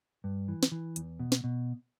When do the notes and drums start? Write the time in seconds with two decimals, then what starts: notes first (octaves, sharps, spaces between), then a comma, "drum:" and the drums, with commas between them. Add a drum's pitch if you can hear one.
0.24 G2
0.48 E3
0.63 drum: snare
0.72 E3
0.96 E2, drum: hi-hat
1.20 B2
1.32 drum: snare
1.44 B2